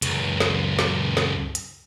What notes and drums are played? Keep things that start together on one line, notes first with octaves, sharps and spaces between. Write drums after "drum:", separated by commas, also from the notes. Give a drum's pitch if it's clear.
C#2 F#2, drum: hi-hat
drum: snare
drum: snare
drum: snare
drum: hi-hat